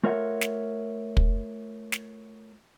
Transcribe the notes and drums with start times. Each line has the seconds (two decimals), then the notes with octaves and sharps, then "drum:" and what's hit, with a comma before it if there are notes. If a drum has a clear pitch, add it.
0.03 A3 F4 A#4 C#5 E5 F#5
0.41 drum: snare
1.17 drum: kick
1.92 drum: snare